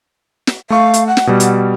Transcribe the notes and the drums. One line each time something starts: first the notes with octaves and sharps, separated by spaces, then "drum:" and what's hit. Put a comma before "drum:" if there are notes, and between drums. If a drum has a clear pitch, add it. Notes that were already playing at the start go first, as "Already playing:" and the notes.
drum: snare
A3 F5 C#6
drum: hi-hat
F#5
drum: snare
B2 G3
drum: hi-hat